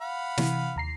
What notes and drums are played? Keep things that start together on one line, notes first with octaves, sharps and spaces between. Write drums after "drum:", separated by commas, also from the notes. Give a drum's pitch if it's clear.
F5 F#5 B5
C3 E3, drum: snare
D#2 A#5 C7